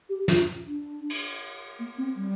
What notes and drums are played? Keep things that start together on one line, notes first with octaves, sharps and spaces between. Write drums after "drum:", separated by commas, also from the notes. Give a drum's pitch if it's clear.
G4
F4, drum: snare
D4
drum: cymbal
A#3
C4
G3